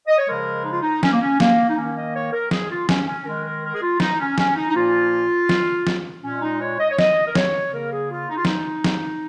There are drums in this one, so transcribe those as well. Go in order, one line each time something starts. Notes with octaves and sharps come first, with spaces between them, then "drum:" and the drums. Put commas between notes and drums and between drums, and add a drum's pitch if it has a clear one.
D#5
C#5
C#3 F3 G#3 A#4
D#4
F4
D#4
C#4, drum: snare
A#3
C#4
A#3, drum: snare
D#4
D#3 A#3 C#4
D#5
C#5
A#4
G#4, drum: snare
F4
C#4, drum: snare
C#4
D#3 G#3 A#4
A#4
A#4
G#4
F4
D#4, drum: snare
C#4
C#4, drum: snare
D#4
D#4
A#2 F3 A#3 F4
drum: snare
drum: snare
A#2 G#3 C#4
D#4
C#5
D#5
C#5
D#5, drum: snare
A#4
C#5, drum: snare
C#3 A#3 A#4
G#4
F4
D#4
F4
D#4, drum: snare
drum: snare